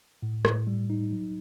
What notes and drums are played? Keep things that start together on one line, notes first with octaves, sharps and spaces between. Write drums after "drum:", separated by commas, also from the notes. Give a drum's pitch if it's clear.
A2
A2, drum: rim click
G3
D#4
F#3